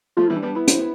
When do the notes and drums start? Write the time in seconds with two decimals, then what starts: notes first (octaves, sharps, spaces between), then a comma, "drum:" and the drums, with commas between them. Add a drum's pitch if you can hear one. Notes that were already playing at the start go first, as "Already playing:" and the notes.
0.17 F3 A3 F4
0.28 E3 G3 E4
0.36 D4
0.42 G3 B3
0.55 B3 E4
0.68 C4, drum: hi-hat
0.79 B3